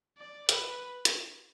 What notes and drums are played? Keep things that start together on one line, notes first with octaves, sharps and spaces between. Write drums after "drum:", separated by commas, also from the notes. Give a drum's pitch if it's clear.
D5
B4, drum: hi-hat
drum: hi-hat